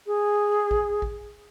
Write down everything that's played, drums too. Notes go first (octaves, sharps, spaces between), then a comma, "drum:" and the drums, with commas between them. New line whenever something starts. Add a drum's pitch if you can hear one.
G#4
drum: kick A1
drum: kick A1